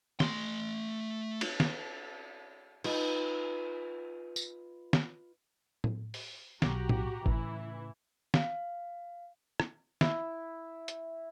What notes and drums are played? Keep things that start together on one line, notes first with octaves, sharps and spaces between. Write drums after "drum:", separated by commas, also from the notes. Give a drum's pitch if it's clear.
A3 C6, drum: snare
drum: cymbal
drum: snare
D#4 F4 B4, drum: cymbal
drum: tambourine
drum: snare
drum: tom A2
drum: open hi-hat
B1 F#4 G4 A#5, drum: snare
drum: tom A2
A2 C#3 E3 E4, drum: kick G1
F5, drum: snare
drum: rim click
E4, drum: snare
drum: hi-hat